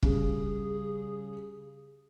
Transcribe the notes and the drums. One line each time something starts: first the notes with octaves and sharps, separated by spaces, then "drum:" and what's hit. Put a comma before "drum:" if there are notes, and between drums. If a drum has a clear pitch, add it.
C#3 G3 G#4, drum: kick